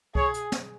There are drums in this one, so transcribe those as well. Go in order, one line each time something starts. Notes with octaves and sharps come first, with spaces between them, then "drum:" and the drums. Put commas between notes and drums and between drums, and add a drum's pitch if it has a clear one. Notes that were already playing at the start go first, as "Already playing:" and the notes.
G#4 C#5, drum: kick C2
drum: hi-hat
drum: snare